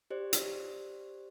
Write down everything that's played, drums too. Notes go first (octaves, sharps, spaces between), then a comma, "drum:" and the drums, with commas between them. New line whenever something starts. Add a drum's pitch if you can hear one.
G4 C5 D5
drum: hi-hat